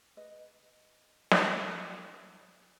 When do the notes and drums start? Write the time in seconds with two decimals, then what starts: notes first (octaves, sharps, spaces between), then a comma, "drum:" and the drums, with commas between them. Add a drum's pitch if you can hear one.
0.17 B4 D#5
1.31 drum: snare